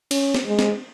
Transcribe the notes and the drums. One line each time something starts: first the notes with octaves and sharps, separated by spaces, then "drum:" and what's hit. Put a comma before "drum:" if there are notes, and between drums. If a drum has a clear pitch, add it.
C#4, drum: cymbal
drum: snare
G#3
drum: snare